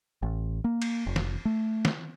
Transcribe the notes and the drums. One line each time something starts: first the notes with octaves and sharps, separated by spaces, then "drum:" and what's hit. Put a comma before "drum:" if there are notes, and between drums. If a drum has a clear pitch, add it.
A1
A#3
drum: cymbal
F1
drum: snare
A3
drum: snare